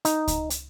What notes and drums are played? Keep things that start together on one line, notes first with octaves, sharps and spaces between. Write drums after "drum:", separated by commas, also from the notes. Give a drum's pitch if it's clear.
D#4, drum: hi-hat
drum: kick C#2, hi-hat
drum: hi-hat